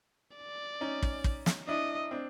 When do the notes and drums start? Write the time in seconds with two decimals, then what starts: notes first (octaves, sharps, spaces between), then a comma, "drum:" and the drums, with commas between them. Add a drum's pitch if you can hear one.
0.37 D5
0.81 C#4 D#4
1.03 drum: kick
1.24 drum: kick
1.46 drum: snare
1.67 D4 E4 D#5
2.11 C4 D4